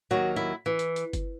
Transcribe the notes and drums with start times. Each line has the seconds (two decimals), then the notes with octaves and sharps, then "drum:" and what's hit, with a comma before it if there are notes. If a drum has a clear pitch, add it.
0.11 D#2 D#3 F#3 F#4
0.36 E4
0.66 E3
0.79 drum: hi-hat
0.96 drum: hi-hat
1.13 drum: kick G1, hi-hat